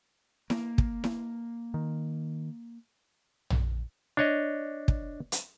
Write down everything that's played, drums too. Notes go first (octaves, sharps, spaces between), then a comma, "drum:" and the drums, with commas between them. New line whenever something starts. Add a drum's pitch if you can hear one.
A#3, drum: snare E4
drum: kick
drum: snare E4
D#3
drum: tom A#1
D4 C#5 D#5
drum: kick
drum: hi-hat